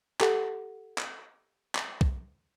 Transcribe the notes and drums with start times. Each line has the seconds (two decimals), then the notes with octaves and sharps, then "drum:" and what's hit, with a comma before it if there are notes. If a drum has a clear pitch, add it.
0.21 G4 A4 F#5, drum: clap
0.98 drum: clap
1.75 drum: clap
2.01 drum: kick